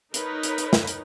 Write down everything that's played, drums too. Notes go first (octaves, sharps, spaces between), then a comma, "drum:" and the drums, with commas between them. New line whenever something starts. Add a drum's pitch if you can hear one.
D#4 A#4 B4 C#5, drum: hi-hat
drum: hi-hat
drum: hi-hat
drum: snare
drum: hi-hat